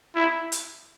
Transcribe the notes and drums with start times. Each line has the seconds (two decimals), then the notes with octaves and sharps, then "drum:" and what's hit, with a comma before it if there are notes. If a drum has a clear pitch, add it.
0.15 E4
0.52 drum: hi-hat